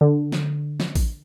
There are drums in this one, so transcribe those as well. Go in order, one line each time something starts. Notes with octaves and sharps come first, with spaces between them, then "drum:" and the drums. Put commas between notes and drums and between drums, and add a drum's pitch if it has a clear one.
D3
drum: snare
drum: snare
drum: kick A1, open hi-hat